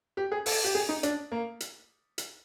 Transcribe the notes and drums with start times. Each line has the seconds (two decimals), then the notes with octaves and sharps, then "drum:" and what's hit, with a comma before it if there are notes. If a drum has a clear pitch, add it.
0.17 G4
0.32 G#4
0.46 A4, drum: open hi-hat
0.64 G4
0.75 G#4
0.89 D#4
1.03 D4, drum: hi-hat
1.32 A#3
1.60 drum: hi-hat
2.18 drum: hi-hat